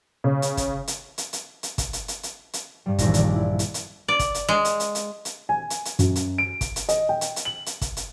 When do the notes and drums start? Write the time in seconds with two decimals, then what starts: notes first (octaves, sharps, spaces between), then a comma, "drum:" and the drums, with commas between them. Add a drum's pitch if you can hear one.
0.24 C#3
0.42 drum: hi-hat
0.57 drum: kick, hi-hat
0.87 drum: hi-hat
1.18 drum: hi-hat
1.33 drum: hi-hat
1.63 drum: hi-hat
1.78 drum: kick, hi-hat
1.93 drum: hi-hat
2.08 drum: hi-hat
2.23 drum: hi-hat
2.53 drum: hi-hat
2.86 G2 G3
2.99 E1 A#1 D#2 A#6, drum: kick, hi-hat
3.14 D#1 D5, drum: hi-hat
3.36 E4
3.59 drum: hi-hat
3.74 drum: hi-hat
4.08 D5
4.19 drum: kick, hi-hat
4.34 drum: hi-hat
4.49 G#3
4.65 drum: hi-hat
4.80 drum: hi-hat
4.95 drum: hi-hat
5.25 drum: hi-hat
5.49 G#5
5.70 drum: hi-hat
5.85 drum: hi-hat
5.99 F#2, drum: hi-hat
6.16 drum: hi-hat
6.38 D7
6.61 drum: kick, hi-hat
6.76 drum: hi-hat
6.89 D#5, drum: hi-hat
7.09 G5
7.21 drum: hi-hat
7.36 drum: hi-hat
7.45 F#7
7.66 drum: hi-hat
7.81 drum: kick, hi-hat
7.97 drum: hi-hat